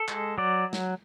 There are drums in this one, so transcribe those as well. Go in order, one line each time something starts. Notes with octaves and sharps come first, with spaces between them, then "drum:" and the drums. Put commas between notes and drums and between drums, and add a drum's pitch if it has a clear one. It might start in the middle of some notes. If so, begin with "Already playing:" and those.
Already playing: A4
G#3, drum: clap
F#3 D5
drum: snare